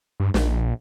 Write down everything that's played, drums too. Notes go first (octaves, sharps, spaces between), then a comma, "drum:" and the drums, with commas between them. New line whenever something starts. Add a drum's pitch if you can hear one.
G2
A#1, drum: snare